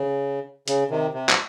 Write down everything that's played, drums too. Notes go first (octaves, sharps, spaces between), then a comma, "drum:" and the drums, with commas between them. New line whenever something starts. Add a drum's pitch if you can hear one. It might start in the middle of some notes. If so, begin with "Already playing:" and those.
Already playing: C#3
C#3, drum: hi-hat
C3 D#3
C3
drum: clap